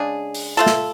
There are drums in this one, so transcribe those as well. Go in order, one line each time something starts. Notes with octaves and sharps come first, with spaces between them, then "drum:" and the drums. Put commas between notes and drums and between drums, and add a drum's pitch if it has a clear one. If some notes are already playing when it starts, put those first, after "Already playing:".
Already playing: C#3 G#3 D4 G#4
drum: open hi-hat
A3 F4 A4
drum: snare